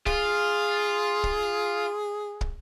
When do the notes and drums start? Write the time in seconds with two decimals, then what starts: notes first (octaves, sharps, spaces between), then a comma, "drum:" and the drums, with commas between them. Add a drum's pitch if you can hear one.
0.06 F4 G#4, drum: kick
1.24 drum: kick
2.41 drum: kick